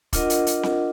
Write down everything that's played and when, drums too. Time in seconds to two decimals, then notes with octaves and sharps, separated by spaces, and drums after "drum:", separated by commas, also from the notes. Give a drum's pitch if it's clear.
0.13 D4 F4 A#4 D#5 F#5, drum: kick, hi-hat
0.30 drum: hi-hat
0.47 drum: hi-hat
0.63 drum: snare C4